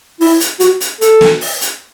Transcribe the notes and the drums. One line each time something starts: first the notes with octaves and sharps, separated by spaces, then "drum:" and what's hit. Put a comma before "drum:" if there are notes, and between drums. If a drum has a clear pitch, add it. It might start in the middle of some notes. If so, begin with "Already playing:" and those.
E4, drum: open hi-hat
drum: hi-hat
F#4, drum: hi-hat
drum: hi-hat
A4, drum: hi-hat
drum: snare
drum: open hi-hat
drum: hi-hat